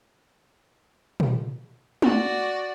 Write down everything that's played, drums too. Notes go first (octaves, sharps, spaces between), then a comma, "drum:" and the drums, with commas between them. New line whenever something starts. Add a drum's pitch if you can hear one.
drum: tom
F#4 D5, drum: tom